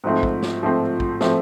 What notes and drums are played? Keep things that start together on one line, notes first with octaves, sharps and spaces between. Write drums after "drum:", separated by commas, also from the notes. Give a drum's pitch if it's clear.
G#2 F3 A3 C4
drum: kick
drum: snare
G#2 F3 A3 C4
drum: kick
F3 A3 C4, drum: snare